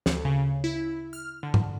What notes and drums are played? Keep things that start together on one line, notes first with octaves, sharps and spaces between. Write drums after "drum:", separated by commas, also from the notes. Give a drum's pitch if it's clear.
D2, drum: snare
C#3
E4
F6
D3
drum: tom G#2